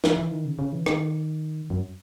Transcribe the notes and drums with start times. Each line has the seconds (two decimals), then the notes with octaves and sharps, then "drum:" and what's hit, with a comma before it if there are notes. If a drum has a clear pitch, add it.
0.04 E3, drum: snare
0.17 E3
0.32 D#3
0.45 C#3
0.59 C#3
0.73 E3
0.86 D#3, drum: rim click
1.70 F#2